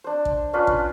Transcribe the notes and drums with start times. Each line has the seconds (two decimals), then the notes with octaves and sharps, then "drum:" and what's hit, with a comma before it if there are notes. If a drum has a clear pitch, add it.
0.04 D4 C5
0.25 drum: kick
0.53 C#4 D4 F4 B4
0.67 drum: kick